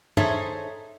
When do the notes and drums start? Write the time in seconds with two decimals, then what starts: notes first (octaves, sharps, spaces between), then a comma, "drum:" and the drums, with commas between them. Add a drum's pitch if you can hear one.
0.17 D#4 G#4 A4 C5 C#5 E5, drum: tom